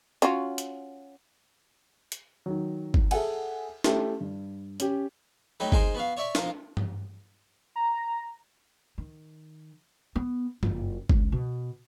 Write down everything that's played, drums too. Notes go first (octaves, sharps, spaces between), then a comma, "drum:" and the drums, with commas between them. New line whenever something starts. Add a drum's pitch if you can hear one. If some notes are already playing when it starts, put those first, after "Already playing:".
C#4 F4 F#4, drum: hi-hat
drum: hi-hat
drum: hi-hat
D#3 F#3
drum: kick G1
G#4 A4 E5 F#5 G#5, drum: cymbal
A3 C#4 E4 G4 A4, drum: snare
G2
C#4 G4, drum: hi-hat
F#3 A3 D#4 G4 B4
G#3 D#4 G#4 A#4 C5, drum: kick G1
B3 F#4 F5
C#5 D5 E5 C#6
F3 F4 A#4, drum: snare
drum: tom G2
A#5
D#3
B3
F#1 F4, drum: tom G2
C#2, drum: kick G1
B2